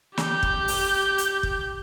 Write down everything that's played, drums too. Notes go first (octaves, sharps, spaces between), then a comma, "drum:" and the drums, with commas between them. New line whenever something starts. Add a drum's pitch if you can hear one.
G4 G6, drum: snare
drum: kick
drum: open hi-hat
drum: hi-hat
drum: kick